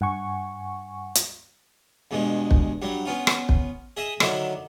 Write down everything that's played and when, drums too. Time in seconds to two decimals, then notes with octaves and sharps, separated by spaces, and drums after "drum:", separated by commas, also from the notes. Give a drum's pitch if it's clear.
0.01 G2 F#5 G#5 C#6
1.15 drum: hi-hat
2.11 E2 G2 B2 G#3
2.51 drum: kick
2.82 G2 F#3 G3
3.06 B3 C#4 F4
3.27 drum: rim click
3.49 drum: kick
3.97 G#4 D#5 E5
4.20 D3 D#3 F#3 D4 E4, drum: rim click